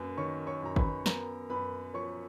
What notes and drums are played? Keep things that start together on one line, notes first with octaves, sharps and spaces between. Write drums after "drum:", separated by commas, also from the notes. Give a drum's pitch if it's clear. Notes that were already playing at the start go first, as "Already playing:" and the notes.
Already playing: F#2 A#3 B4
D#3 C#5 C#6
C#5 C#6
F#2 A#5
B4 B5, drum: kick G#1
B3 A#4 A#5, drum: snare
F#2 B4 B5
F3 C#5 C#6